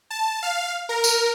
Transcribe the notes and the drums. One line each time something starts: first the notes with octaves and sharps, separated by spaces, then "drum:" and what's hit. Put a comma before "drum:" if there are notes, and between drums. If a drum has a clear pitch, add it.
A5
F5
A#4
drum: tambourine